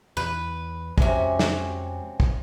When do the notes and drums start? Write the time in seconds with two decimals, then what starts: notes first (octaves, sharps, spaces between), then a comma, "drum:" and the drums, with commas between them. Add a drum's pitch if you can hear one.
0.17 E2 B4
0.98 F2 C3 G#3 C#4 F#4 G#5, drum: kick
1.39 drum: snare
2.20 drum: kick